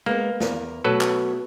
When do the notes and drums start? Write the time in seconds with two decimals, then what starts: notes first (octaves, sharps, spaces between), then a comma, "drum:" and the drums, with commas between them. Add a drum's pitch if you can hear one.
0.06 G#3 A#3 B3 A#4
0.40 E2 A#4, drum: snare
0.84 B2 F#3 A3 A4 B4
1.01 drum: clap